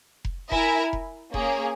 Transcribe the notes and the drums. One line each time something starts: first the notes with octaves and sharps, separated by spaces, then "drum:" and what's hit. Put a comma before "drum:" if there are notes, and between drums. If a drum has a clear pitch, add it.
drum: kick F1
E4 A#4 E5 G#5, drum: kick F1
drum: kick F1
A#3 C#4 G#4, drum: kick F1